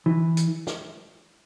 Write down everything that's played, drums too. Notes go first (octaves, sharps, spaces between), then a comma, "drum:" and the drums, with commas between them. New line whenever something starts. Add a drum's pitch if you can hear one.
E3
drum: hi-hat
drum: snare